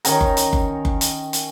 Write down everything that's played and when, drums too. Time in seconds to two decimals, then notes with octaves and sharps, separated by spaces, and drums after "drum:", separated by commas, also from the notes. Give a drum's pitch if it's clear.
0.05 D#3 C#4 G5 A#5, drum: hi-hat
0.21 drum: kick F#1
0.37 drum: hi-hat
0.53 drum: kick F#1
0.85 drum: kick F#1
1.01 drum: hi-hat
1.33 drum: hi-hat